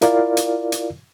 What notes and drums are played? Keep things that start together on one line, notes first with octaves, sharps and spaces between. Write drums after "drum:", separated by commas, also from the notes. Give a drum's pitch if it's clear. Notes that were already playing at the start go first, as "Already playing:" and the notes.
E4 F4 A#4 D5 F5, drum: hi-hat
drum: hi-hat
drum: hi-hat